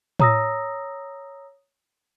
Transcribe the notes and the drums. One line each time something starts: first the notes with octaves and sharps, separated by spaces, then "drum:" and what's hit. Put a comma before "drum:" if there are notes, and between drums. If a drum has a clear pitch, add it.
C#5 A#5 D#6 E6 A#6, drum: tom A2